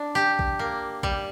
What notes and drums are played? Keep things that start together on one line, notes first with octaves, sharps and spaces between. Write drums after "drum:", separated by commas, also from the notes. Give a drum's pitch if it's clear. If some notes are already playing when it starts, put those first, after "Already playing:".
Already playing: D4
G4
drum: kick A#1
A#3
G3, drum: kick A#1